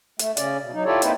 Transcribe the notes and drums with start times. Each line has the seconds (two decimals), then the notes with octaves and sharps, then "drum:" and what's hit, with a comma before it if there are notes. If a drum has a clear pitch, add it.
0.19 A3, drum: hi-hat
0.37 C#3 C#4 D5, drum: hi-hat
0.60 B2
0.73 F#3 D#4
0.85 E4 F4 G4 A4 C#5 D5
1.02 A#3 C4 D#4 E4 B4 C5, drum: hi-hat